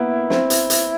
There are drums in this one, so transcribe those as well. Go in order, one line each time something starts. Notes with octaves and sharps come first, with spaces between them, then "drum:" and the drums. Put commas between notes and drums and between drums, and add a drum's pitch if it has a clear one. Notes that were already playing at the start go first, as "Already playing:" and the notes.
Already playing: A#3 B3 E4
C4, drum: snare
drum: hi-hat
drum: hi-hat